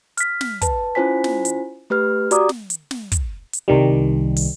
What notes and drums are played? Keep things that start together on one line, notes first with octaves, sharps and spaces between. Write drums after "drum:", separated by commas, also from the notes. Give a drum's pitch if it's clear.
F6 B6, drum: hi-hat
drum: snare
B4 A5, drum: kick, hi-hat
C#4 E4 F4 C5 G#5 B6
drum: snare
drum: hi-hat
A3 G4 B4 F6
F#4 G4 D5 A#5 D6 D#6, drum: hi-hat
drum: snare
drum: hi-hat
drum: snare
drum: kick, hi-hat
drum: hi-hat
C2 D#3 G3
drum: open hi-hat